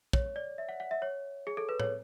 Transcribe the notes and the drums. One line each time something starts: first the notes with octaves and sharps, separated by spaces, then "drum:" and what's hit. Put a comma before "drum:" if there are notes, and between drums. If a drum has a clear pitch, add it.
C#5, drum: kick
D5
E5
F#5
F#5
E5
C#5
G#4
A4
B4
C#5, drum: tom A2